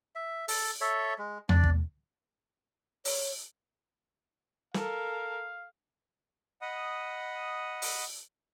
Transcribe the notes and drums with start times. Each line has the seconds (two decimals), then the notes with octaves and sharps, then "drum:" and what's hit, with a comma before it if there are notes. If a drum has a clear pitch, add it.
0.15 E5
0.48 A4, drum: open hi-hat
0.81 A4 C#5 E5
1.18 G#3
1.49 D4 D5, drum: tom E2
1.64 drum: kick
3.05 C#5, drum: open hi-hat
4.74 A4 A#4 F5, drum: snare
6.62 D#5 F#5 B5 D#6
7.82 drum: open hi-hat